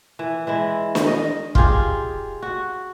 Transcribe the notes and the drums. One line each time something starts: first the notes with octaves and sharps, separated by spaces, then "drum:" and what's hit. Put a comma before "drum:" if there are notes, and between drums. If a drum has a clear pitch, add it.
E3
E3 G#3 E4
drum: snare
D#5
F4 G4 G#4 F5, drum: kick
F#4